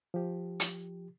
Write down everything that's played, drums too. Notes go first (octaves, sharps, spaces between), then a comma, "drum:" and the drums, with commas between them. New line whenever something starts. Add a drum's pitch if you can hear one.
F3 G4
drum: hi-hat